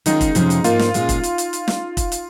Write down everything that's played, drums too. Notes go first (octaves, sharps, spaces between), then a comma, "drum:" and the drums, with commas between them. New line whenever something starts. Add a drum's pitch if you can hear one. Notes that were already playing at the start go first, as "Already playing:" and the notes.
D#3 G#3 C#4 D#4 F4, drum: hi-hat
drum: kick, hi-hat
F2 C3 F3 G#3 C#4, drum: hi-hat
drum: hi-hat
G#2 F3 A#3 D#4 F4, drum: hi-hat
drum: snare
A#2 G#3 C#4 F4, drum: hi-hat
drum: kick, hi-hat
drum: hi-hat
drum: hi-hat
drum: hi-hat
drum: snare
drum: kick, hi-hat
drum: hi-hat